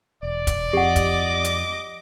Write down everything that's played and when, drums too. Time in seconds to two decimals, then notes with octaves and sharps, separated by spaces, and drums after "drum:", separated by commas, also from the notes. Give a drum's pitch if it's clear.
0.23 E1 D5
0.47 drum: kick, hi-hat
0.73 F2 G4 D#5 F#5 D6
0.96 drum: kick, hi-hat
1.44 drum: hi-hat